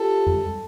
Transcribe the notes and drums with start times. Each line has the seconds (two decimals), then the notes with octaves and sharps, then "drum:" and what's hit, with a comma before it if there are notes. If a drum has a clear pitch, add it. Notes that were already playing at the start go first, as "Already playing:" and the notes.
Already playing: F4 G4 A4
0.27 drum: tom F2